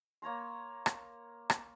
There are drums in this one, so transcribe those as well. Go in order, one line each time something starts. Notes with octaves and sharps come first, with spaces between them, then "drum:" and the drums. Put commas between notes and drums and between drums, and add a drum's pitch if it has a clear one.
A#3 C#5 A#5 C6
drum: rim click
drum: rim click